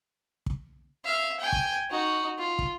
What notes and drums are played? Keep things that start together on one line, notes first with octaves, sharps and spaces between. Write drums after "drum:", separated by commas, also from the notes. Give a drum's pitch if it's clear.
drum: kick
E5 F5
G5 G#5
drum: kick
D#4 F#4
F4
drum: kick